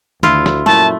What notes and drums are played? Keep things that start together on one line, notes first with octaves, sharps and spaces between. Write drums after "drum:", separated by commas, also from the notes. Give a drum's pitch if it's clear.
D2 E4 F4, drum: tom
drum: snare
F#2 A#2 A3 E4 A5, drum: tom